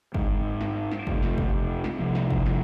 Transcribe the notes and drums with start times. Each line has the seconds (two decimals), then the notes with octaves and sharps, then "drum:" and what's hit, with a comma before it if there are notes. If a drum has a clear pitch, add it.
0.14 G#2 G#3 C4, drum: kick
0.61 drum: snare
0.91 drum: snare
1.07 F2 C3 F3 A3, drum: kick
1.22 drum: snare
1.38 drum: kick
1.84 drum: snare
1.99 C2 C3 F3 A3
2.15 drum: snare
2.30 drum: kick
2.46 drum: snare